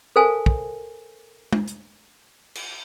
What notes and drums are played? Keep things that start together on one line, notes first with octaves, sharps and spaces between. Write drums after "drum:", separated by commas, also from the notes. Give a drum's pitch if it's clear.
A4 A#4 C5 F5 G#5 A5
drum: kick
drum: tom G#3
drum: hi-hat
drum: cymbal